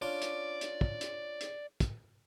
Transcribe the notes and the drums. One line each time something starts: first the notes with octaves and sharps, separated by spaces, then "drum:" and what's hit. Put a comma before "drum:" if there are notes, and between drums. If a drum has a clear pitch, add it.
C#4 D4 F4 D5
drum: hi-hat
drum: hi-hat
drum: kick
drum: hi-hat
drum: hi-hat
drum: kick, hi-hat